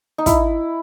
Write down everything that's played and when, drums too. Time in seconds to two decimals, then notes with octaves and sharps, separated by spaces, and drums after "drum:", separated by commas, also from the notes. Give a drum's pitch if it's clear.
0.18 D#4
0.26 E4, drum: kick, hi-hat